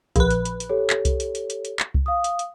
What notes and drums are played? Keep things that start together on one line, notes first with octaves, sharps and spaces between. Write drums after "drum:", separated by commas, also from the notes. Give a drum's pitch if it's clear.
A#1 B4, drum: kick C2, hi-hat
drum: hi-hat
drum: hi-hat
drum: hi-hat
G4 A4 C#5
drum: clap
drum: kick C2, hi-hat
drum: hi-hat
drum: hi-hat
drum: hi-hat
drum: hi-hat
drum: clap
drum: kick C2
F5 D#6
drum: hi-hat
drum: hi-hat